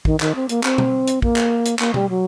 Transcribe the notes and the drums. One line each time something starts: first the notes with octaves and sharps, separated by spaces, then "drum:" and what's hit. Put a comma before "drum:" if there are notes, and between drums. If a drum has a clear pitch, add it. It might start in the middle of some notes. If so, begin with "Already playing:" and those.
D#3, drum: kick
D#3, drum: clap
C4
A#3, drum: hi-hat
C4, drum: clap
drum: tom B2
drum: hi-hat
A#3, drum: kick
drum: clap
drum: hi-hat
A#3, drum: clap
G3, drum: tom B2
F#3